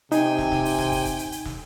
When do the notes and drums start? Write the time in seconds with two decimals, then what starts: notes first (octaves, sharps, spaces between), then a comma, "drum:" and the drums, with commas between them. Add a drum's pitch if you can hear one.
0.12 C3 D#4 G5 G#5, drum: hi-hat
0.38 drum: snare
0.52 drum: snare
0.65 drum: open hi-hat
0.79 drum: snare
0.92 drum: kick, open hi-hat
1.05 drum: kick, hi-hat
1.19 drum: hi-hat
1.32 drum: hi-hat
1.45 drum: snare